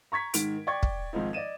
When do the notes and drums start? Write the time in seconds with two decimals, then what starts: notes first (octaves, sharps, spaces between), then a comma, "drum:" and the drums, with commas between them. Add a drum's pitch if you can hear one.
0.12 A#5 C#6 G#6 B6
0.34 G#2 D#3 D7, drum: hi-hat
0.67 D5 G5 C#6 G#6
0.83 drum: kick
1.13 G#2 D#3 F3 C4 D#4
1.33 D5 D#5 D#7 E7